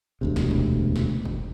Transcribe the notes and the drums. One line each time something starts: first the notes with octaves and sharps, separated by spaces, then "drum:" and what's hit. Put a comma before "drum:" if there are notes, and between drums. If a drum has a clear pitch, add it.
E1 D2 C3
drum: snare
drum: kick
drum: snare
drum: kick